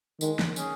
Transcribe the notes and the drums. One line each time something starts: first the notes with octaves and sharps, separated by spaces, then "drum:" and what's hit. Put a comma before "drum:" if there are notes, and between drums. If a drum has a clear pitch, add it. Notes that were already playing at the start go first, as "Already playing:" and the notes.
D#3 G#3, drum: tambourine
drum: snare
C#4 G#4, drum: tambourine